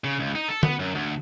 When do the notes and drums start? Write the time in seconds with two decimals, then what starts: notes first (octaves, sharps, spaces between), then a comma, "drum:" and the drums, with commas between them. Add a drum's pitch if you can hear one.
0.04 C#3
0.20 C#2
0.35 D#4
0.48 A4
0.63 B3, drum: tom D3
0.79 F#2
0.95 D2